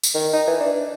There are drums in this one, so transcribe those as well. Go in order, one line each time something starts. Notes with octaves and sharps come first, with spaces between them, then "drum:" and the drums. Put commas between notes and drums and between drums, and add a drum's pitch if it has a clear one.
drum: tambourine
D#3
D#4
E3
D4